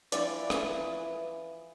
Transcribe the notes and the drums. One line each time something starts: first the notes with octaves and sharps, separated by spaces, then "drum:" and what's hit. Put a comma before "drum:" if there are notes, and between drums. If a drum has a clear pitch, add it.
E3 F3 C4 D5, drum: hi-hat
drum: rim click